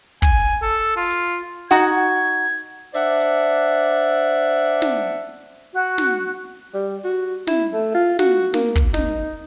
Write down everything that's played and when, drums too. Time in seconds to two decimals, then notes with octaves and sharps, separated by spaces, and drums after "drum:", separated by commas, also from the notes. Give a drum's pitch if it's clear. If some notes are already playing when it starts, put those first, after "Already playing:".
0.22 G#5, drum: kick
0.62 A4
0.96 F4
1.10 drum: hi-hat
1.71 D#4 F#4 F#5 G#6
2.94 D4 C5 D5 E5 F#5, drum: hi-hat
3.20 drum: hi-hat
4.82 drum: snare
5.73 F#4
5.98 drum: snare
6.74 G3
7.04 F#4
7.47 E4, drum: snare
7.73 A3
7.95 F4
8.19 F#4, drum: snare
8.54 A#3, drum: snare
8.75 drum: kick
8.94 D#4, drum: snare